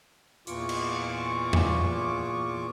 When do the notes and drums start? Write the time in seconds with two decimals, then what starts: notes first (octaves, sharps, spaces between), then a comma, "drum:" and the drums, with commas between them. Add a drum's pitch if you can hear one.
0.47 E2 A#2 E3 F4 C#6 D6, drum: hi-hat
0.69 drum: cymbal
1.53 drum: tom E2